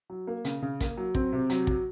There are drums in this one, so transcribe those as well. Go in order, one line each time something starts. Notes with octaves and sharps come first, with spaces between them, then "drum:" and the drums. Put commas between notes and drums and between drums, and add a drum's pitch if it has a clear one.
F#3
A#3
C#3, drum: hi-hat
C#3
A#3, drum: kick, hi-hat
F#3
C4, drum: kick
C3
F#3, drum: hi-hat
F#3, drum: kick